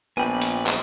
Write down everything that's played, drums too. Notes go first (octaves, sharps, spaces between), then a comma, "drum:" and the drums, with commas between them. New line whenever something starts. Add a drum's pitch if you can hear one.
A#1 B3 G5 G#5 B5
drum: hi-hat
drum: clap